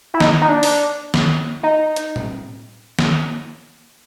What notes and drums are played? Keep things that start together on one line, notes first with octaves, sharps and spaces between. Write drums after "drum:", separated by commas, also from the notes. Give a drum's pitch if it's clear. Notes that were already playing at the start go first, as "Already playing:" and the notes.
E4
D#4, drum: snare
D#4
D4
drum: open hi-hat
drum: snare
D#4
drum: hi-hat
drum: tom A2
drum: snare